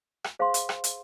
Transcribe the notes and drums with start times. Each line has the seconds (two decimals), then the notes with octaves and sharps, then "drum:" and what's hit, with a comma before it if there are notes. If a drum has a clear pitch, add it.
0.24 drum: rim click
0.39 G#4 C5 F5 C6
0.54 drum: hi-hat
0.69 drum: rim click
0.84 drum: hi-hat